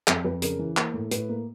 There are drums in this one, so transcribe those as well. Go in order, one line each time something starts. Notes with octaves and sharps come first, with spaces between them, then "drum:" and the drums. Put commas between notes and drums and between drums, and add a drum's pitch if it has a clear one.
F2, drum: clap
F2 B4
C#3 A#4, drum: hi-hat
E3
A#3, drum: clap
A2
A2 B4, drum: hi-hat
A#3